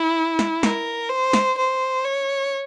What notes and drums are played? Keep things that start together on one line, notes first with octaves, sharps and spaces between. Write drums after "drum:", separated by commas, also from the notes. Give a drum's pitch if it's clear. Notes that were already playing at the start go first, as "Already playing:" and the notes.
Already playing: E4
drum: snare
A#4, drum: snare
C5
drum: snare
C5
C#5